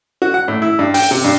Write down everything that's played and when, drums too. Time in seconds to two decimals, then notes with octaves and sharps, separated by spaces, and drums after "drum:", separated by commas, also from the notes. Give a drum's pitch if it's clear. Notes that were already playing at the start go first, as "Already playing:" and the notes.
0.22 F#4
0.34 F#5
0.48 A2
0.62 E4
0.79 G2
0.94 G5, drum: open hi-hat
1.11 C3
1.24 G2